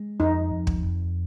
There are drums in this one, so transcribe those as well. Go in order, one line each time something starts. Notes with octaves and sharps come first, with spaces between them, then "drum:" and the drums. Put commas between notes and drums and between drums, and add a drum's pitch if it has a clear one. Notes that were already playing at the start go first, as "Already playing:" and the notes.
Already playing: G#3
F2 D#4
F2
drum: kick
F2